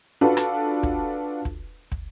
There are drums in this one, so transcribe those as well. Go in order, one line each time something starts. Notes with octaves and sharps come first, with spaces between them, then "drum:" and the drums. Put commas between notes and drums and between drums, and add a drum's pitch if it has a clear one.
D4 F4 F#4 A4 B4
drum: rim click
drum: kick
drum: kick
drum: kick